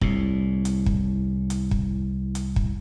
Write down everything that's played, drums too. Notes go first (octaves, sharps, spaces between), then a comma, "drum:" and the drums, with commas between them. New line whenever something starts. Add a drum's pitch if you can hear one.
C2 A2, drum: kick
drum: hi-hat
drum: kick
drum: hi-hat
drum: kick
drum: hi-hat
drum: kick